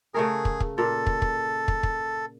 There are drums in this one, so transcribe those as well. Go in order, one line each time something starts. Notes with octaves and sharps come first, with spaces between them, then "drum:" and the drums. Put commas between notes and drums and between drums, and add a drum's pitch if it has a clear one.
C#3 A3 G#4 A#4
drum: kick
drum: kick
A#2 A4
drum: kick
drum: kick
drum: kick
drum: kick